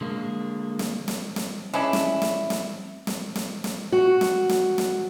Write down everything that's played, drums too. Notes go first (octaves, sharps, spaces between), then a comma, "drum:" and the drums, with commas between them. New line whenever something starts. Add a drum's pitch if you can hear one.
D3 G#3 A#3
drum: snare
drum: snare
drum: snare
G#3 C#4 D4 E4
drum: snare
drum: snare
drum: snare
drum: snare
drum: snare
drum: snare
F#4
drum: snare
drum: snare
drum: snare